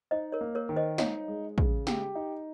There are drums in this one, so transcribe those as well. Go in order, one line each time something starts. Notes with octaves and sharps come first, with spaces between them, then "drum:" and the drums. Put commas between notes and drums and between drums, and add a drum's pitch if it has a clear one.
D#4 C5 D#5
A#4 C#5
A#3
A#4 C#5
D#3
C5 D#5
D#4 C#5 F5, drum: snare
G#3
C#3, drum: kick
G4, drum: snare
D#4